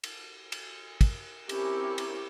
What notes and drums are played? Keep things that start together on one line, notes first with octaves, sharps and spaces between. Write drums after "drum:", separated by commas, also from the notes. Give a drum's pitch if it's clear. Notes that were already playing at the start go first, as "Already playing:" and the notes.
drum: cymbal
drum: cymbal
drum: kick, cymbal
C4 C#4 E4 G4 A#4, drum: cymbal
drum: cymbal